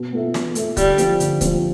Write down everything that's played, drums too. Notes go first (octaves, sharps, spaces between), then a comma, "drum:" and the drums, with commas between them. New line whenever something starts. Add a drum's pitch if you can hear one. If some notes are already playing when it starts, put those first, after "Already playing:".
Already playing: B2
B3 F4 A4 E5
B2, drum: snare
B3 F4 A4 E5, drum: hi-hat
D3 G3, drum: kick C#1, hi-hat
F3 C4, drum: hi-hat
D3, drum: hi-hat
F3 C4, drum: kick C#1, hi-hat